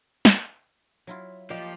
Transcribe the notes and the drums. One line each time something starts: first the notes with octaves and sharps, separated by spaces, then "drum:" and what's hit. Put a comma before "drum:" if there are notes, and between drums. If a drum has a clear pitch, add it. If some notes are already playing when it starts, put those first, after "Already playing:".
drum: snare
F#3 E4 F4
F3 A#3 G4 D#5